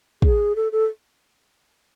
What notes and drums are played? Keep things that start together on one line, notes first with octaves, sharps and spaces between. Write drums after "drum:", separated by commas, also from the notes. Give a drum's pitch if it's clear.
G#4, drum: kick
A4
A4